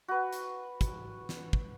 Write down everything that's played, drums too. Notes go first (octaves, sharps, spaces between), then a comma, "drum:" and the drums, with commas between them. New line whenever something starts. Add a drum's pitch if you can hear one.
F#4 B4
drum: hi-hat
drum: kick, hi-hat
drum: snare
drum: kick